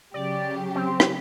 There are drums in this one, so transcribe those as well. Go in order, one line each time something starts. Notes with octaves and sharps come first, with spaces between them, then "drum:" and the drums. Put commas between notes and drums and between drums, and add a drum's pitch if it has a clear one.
C#3 F#3 G4 D5
C4
drum: rim click